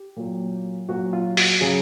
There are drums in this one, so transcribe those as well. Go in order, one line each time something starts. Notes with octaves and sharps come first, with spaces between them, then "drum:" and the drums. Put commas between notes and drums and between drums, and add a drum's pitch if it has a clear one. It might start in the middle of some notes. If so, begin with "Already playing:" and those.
Already playing: G4
A#2 F#3
A#2 F#3 F#4
F4
F#4, drum: open hi-hat
C#3 F#3 G#4